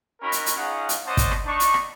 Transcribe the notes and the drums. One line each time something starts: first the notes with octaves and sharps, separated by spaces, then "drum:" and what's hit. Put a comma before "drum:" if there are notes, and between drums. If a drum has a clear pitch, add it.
C#4 D#4 F#4 A#4 B5
drum: hi-hat
drum: hi-hat
C#4 D#4 F4 G#4 F#5
drum: hi-hat
C#4 C5 D5 D#5 F#5 A5
drum: kick, hi-hat
drum: rim click
D4 D#4 C#6
drum: hi-hat
drum: rim click